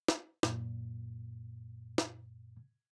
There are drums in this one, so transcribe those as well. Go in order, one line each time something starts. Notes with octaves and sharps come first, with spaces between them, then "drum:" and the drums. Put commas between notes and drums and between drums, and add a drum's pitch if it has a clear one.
drum: snare
F#2 A#2, drum: snare
drum: snare